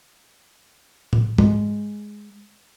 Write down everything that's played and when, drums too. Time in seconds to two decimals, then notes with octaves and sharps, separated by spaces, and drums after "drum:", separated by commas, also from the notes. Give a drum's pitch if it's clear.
1.13 drum: tom A2
1.38 G#3, drum: tom G#2